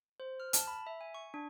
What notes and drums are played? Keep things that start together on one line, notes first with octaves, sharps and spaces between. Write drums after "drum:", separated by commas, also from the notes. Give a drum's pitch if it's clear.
C5
F6
A5, drum: hi-hat
B5
E5
G#5
C#6
D4